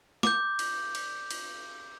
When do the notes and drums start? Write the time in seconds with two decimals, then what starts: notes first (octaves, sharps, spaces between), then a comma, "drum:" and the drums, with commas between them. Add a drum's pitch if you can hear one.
0.23 D6 G6, drum: snare
0.59 drum: cymbal
0.95 drum: cymbal
1.31 drum: cymbal